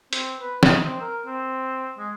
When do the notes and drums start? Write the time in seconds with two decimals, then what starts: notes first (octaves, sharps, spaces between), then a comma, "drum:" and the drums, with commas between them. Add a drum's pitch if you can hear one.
0.13 C4, drum: hi-hat
0.40 B4
0.63 D#4, drum: snare
0.83 C4
1.01 A#4
1.26 C4
1.98 G#3